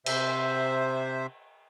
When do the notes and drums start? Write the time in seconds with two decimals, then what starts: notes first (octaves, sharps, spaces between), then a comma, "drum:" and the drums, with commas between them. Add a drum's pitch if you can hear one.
0.06 C3 C5 E5, drum: cymbal